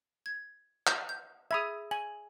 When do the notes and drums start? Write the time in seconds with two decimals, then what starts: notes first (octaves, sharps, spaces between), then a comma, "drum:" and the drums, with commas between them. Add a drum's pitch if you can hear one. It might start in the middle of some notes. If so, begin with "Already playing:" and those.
0.26 G#6
0.87 G6, drum: clap
1.09 G6
1.51 G#4 E5 B5 D#6 G#6
1.91 G#5 F#7